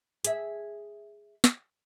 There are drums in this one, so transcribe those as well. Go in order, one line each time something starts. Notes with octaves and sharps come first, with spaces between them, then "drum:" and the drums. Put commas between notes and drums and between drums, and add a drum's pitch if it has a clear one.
G#4 E5, drum: hi-hat
drum: snare